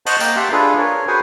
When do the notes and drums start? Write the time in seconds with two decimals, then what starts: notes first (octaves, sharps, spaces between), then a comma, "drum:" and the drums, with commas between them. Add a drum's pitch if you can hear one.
0.06 C5 D#5 F#5 A5 C#6, drum: cymbal
0.20 A#3 A#4 D#5 G5 D6, drum: tambourine
0.36 G4 E5 F#5 A5 C6
0.52 D4 F4 G#4 A4 B4
0.78 A#4 C#5
1.07 F#4 G#4 B4 C5 F#5 G#5